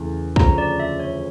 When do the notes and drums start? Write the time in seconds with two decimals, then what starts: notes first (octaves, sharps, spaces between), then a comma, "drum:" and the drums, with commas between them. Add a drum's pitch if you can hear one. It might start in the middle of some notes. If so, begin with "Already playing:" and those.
Already playing: E2 C#3 E3 A3 E4
0.36 D2 C#3 F3 C#4 A#5, drum: kick
0.58 D5
0.80 E5
1.00 C#5